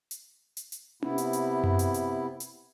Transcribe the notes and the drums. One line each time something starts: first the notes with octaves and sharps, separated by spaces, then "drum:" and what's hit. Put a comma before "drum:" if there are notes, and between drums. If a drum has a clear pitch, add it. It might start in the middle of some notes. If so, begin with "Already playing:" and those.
drum: hi-hat
drum: hi-hat
drum: hi-hat
C3 B3 E4, drum: tom C#4
drum: hi-hat
drum: hi-hat
drum: tom F#2
drum: hi-hat
drum: hi-hat
drum: hi-hat